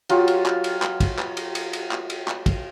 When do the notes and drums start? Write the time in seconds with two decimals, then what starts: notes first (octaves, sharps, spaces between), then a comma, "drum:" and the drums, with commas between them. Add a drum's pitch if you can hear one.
0.09 F#3 F4 G4, drum: cymbal
0.28 drum: cymbal
0.46 drum: clap
0.64 drum: cymbal
0.82 drum: clap
1.00 drum: kick, cymbal
1.19 drum: clap
1.37 drum: cymbal
1.55 drum: cymbal
1.73 drum: cymbal
1.91 drum: clap
2.10 drum: cymbal
2.28 drum: clap
2.46 drum: kick, cymbal